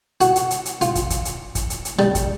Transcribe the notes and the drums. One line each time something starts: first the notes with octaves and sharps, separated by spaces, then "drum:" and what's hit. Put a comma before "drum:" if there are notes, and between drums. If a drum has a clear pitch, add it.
F#4, drum: hi-hat
drum: hi-hat
drum: hi-hat
drum: hi-hat
F4, drum: hi-hat
drum: kick, hi-hat
drum: kick, hi-hat
drum: hi-hat
drum: kick, hi-hat
drum: hi-hat
drum: hi-hat
G3, drum: rim click
drum: kick, hi-hat